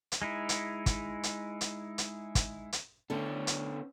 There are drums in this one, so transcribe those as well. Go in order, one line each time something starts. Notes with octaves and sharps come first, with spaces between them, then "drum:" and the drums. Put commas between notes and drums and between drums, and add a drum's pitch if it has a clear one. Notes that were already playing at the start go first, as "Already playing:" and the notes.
drum: hi-hat
G#3 D#4 E4
drum: hi-hat
drum: kick, hi-hat
drum: hi-hat
drum: hi-hat
drum: hi-hat
drum: kick, hi-hat
drum: hi-hat
D3 A3 B3 C#4 A4
drum: hi-hat